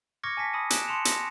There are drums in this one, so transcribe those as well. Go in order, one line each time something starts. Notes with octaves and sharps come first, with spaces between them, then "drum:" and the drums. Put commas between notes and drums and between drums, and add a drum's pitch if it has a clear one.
C#6 D6 F6 G#6 A#6 C#7
G#5 A5 A#6 B6
A5 B5 D#6 A#6 D#7
F#6 D7 E7, drum: hi-hat
A5 C6 C#7 E7 F7
A#6, drum: hi-hat